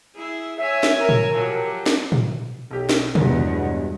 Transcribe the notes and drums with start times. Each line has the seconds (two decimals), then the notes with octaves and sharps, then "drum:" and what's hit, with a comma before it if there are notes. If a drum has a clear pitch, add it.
0.14 E4 G#4 E5
0.58 C#5 E5 G#5 E6
0.83 drum: snare
0.99 A#4
1.09 drum: tom A2
1.34 F3 F#3 G4
1.86 drum: snare
2.12 drum: tom A2
2.71 B1 G4
2.89 drum: snare
3.15 E2 G2 B2 F#3 G#3, drum: tom B2